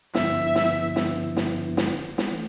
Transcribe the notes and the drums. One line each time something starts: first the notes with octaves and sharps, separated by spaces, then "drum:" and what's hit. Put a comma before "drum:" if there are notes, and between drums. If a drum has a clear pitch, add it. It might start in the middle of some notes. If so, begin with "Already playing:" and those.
G2 D3 F3 B3 E4 E5, drum: snare
drum: snare
drum: snare
drum: snare
drum: snare
drum: snare
E3 A3